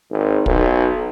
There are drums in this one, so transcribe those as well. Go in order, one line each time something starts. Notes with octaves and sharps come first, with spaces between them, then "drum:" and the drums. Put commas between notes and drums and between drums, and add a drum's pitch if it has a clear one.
G#1
B1, drum: kick